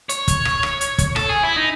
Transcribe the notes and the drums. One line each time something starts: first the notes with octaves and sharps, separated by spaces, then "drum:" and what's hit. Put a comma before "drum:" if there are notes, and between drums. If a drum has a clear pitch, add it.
C#5, drum: hi-hat
drum: kick, hi-hat
drum: rim click
drum: rim click
drum: hi-hat
drum: kick, hi-hat
A4, drum: rim click
G#4
E4
D#4